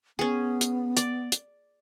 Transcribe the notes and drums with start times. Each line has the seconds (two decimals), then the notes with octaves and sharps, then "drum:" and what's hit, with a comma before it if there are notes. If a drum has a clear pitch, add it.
0.19 B3 C#4 G#4
0.61 drum: hi-hat
0.97 D5, drum: hi-hat
1.32 drum: hi-hat